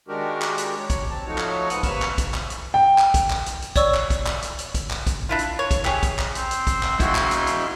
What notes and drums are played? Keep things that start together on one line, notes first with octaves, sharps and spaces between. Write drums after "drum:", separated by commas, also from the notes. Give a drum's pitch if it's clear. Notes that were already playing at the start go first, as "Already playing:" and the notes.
D#3 G#3 D4 F#4 G4 A#4
drum: clap
drum: hi-hat
C#5
drum: kick, hi-hat
C4 A5
F3 F#3 A3 D#4 F#4 C#5
drum: clap
G#2 F3 B3 F#5 D#6 F#6, drum: hi-hat
C3 A#3 B4 C#6 E6 F6, drum: kick, hi-hat
drum: clap
drum: kick, hi-hat
drum: clap
drum: hi-hat
G5
drum: clap
drum: kick, hi-hat
drum: clap
drum: hi-hat
drum: hi-hat
C#5 D5 C#6 E6, drum: kick, hi-hat
drum: clap
drum: kick, hi-hat
drum: clap
drum: hi-hat
drum: hi-hat
drum: kick, hi-hat
drum: clap
drum: kick, hi-hat
D4 E4 F4
drum: hi-hat
C#5
drum: kick, hi-hat
G4 G#4 C#5, drum: clap
drum: kick, hi-hat
drum: clap
C4, drum: hi-hat
drum: hi-hat
drum: kick, hi-hat
drum: clap
E4 F#4, drum: kick, hi-hat
drum: clap
drum: hi-hat
drum: hi-hat